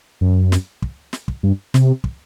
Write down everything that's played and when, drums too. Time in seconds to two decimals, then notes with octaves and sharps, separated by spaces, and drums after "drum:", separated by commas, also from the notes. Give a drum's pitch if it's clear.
0.21 F#2
0.52 drum: snare
0.82 drum: kick
1.13 drum: snare
1.28 drum: kick
1.43 G2
1.74 C3, drum: snare
2.04 drum: kick